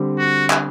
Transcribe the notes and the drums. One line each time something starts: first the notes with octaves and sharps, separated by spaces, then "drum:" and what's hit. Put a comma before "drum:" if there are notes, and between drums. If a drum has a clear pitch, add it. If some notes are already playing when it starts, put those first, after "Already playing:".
Already playing: D3 G3 C4 G4
F#4
drum: clap